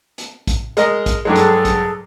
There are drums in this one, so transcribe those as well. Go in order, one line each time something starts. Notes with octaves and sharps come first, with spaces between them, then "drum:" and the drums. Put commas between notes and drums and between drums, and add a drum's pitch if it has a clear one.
drum: hi-hat
drum: kick, hi-hat
G#3 A#4 D#5, drum: hi-hat
drum: kick, hi-hat
G2 F#3 G#3 G#4 A4
drum: hi-hat
drum: kick, hi-hat